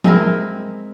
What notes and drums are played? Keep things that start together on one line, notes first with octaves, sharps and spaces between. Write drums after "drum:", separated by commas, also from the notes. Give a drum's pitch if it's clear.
G#3 C4 E4 A#4, drum: tom